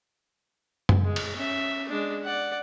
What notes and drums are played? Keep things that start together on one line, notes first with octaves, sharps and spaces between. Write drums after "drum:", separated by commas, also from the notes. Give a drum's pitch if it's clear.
drum: tom
G#3
drum: cymbal
C#4 E5
G#3 D4
D5 F#5